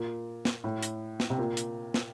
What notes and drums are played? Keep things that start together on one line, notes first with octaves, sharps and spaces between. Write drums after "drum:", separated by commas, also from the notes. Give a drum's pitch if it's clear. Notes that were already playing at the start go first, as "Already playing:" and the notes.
Already playing: A#2
drum: snare
A2
drum: hi-hat
drum: snare
C3
A#2
drum: hi-hat
drum: snare